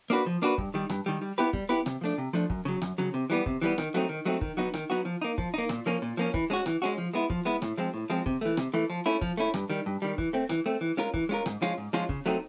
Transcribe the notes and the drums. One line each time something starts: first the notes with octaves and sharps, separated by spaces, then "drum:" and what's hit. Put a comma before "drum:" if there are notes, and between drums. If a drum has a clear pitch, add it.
A#3 D4 F#4 B4
F3
A#3 D4 F#4 B4
G2, drum: kick
D#3 G3
G2, drum: rim click
D#3 G3
G3
B3 E4 G4 B4
G3, drum: kick
B3 E4 G4 B4
C3, drum: rim click
F3 A3 D4
C3
F3 A3 D4
F#2, drum: kick
C#3 F#3
F#2, drum: rim click
C#3 F#3
C3
E3 G3 B3
C3, drum: kick
E3 G3 B3
D#3, drum: rim click
F#3 A3 C4 D#4
D#3
F#3 A3 C4 D#4
D#3, drum: kick
F#3 B3 D#4 F#4
D#3, drum: rim click
F#3 B3 D#4 F#4
F3
A#3 D#4
F3, drum: kick
A#3 D#4
A#2, drum: rim click
F3 A#3 C#4
A#2
F3 A#3 C#4
E3, drum: kick
G#3 C#4 F#4
E3, drum: rim click
G#3 C#4 F#4
F3
G#3 B3 E4
F3, drum: kick
G#3 B3 E4
A2, drum: rim click
F3 G#3 C4
A2
F3 G#3 C4
C3, drum: kick
E3 A3
C3, drum: rim click
E3 A3
F3
A3 C#4 E4
F3, drum: kick
A3 C#4 E4
G2, drum: rim click
D#3 G3
G2
D#3 G3
E3, drum: kick
A3 C4
E3, drum: rim click
A3 C4
E3
G#3 C#4 F4 A#4
E3, drum: kick
G#3 C#4 F4 A#4
G#2, drum: rim click
F3 G#3 C#4 F4
G#2
F3 G#3 C#4 F4
C#3, drum: kick
F#3 A3 C4 D#4